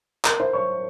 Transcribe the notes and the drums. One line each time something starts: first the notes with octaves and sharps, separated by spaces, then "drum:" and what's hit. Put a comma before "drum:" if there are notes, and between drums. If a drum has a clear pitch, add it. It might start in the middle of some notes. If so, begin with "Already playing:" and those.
A#4 A#5, drum: clap
C5 C6
C#5 C#6